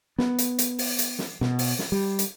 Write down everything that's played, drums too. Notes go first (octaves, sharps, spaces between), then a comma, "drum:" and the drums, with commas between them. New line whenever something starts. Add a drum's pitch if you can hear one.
B3, drum: snare
drum: hi-hat
drum: hi-hat
drum: open hi-hat
drum: hi-hat
drum: snare
B2, drum: snare
drum: open hi-hat
drum: snare
G3
drum: hi-hat